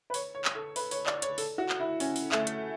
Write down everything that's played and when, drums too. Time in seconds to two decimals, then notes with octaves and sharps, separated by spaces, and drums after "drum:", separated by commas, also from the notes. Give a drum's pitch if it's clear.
0.10 B4
0.14 C#5, drum: open hi-hat
0.35 C#5
0.45 drum: clap
0.55 A4
0.76 B4, drum: open hi-hat
0.91 C#5, drum: open hi-hat
1.06 D5, drum: clap
1.22 C#5, drum: hi-hat
1.38 A4, drum: open hi-hat
1.58 F#4
1.69 drum: clap
1.80 E4
2.00 C#4, drum: open hi-hat
2.16 drum: open hi-hat
2.32 A3, drum: clap
2.47 drum: hi-hat